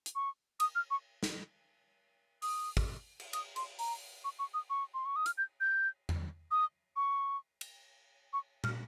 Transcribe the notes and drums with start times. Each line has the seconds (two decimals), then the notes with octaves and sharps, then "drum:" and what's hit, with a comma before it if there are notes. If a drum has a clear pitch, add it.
0.06 drum: hi-hat
0.15 C#6
0.60 D#6, drum: cymbal
0.75 F6
0.91 C#6
1.23 drum: snare
2.42 D#6, drum: open hi-hat
2.77 drum: kick
3.20 drum: cymbal
3.33 D#6, drum: cymbal
3.56 C6, drum: cymbal
3.79 A#5, drum: open hi-hat
4.24 C#6
4.39 C#6
4.54 D#6
4.70 C#6
4.94 C6
5.05 C#6
5.16 D#6
5.26 F6, drum: hi-hat
5.37 G6
5.60 G6
6.09 drum: tom E2
6.51 D#6
6.96 C#6
7.61 drum: cymbal
8.33 C#6
8.64 F6, drum: tom A#2